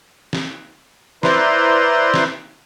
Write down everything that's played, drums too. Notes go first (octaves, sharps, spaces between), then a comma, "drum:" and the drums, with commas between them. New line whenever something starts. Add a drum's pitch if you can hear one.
drum: snare
E4 B4 C5 D5 A#5 C6, drum: snare
drum: snare